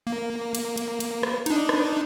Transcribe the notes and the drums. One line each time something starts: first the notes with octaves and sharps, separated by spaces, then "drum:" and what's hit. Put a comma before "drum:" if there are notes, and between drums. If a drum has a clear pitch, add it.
A#3
drum: cymbal
drum: cymbal
drum: cymbal
drum: rim click
D4 D#4, drum: cymbal
drum: rim click